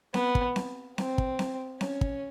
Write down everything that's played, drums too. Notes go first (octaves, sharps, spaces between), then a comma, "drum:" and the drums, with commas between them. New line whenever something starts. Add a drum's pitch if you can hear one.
B3, drum: snare C4
drum: kick
drum: snare C4
C4, drum: snare C4
drum: kick
drum: snare C4
C#4, drum: snare C4
drum: kick